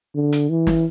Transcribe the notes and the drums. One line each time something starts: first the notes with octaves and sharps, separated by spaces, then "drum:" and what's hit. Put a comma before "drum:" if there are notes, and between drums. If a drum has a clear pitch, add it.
D3
drum: hi-hat
E3
drum: snare